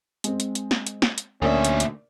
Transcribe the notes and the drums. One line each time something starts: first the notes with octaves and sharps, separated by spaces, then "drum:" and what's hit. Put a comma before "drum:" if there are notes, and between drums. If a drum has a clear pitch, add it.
G#3 C4, drum: hi-hat
drum: hi-hat
drum: hi-hat
drum: snare
drum: hi-hat
drum: snare
drum: hi-hat
D2 A#2 A#3 C#4 D5 E5
drum: hi-hat
drum: hi-hat